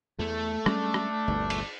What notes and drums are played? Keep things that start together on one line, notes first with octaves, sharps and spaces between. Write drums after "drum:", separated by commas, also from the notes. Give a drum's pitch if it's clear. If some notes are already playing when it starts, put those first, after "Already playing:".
E2 A3
G3 G#3 C#4 D4, drum: rim click
drum: rim click
G1 D2 A#2
drum: cymbal